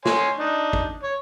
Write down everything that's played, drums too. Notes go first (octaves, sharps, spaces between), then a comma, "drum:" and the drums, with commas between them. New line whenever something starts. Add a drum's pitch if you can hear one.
C#5 G#5 C6, drum: snare
D4 D#4
drum: kick
C#5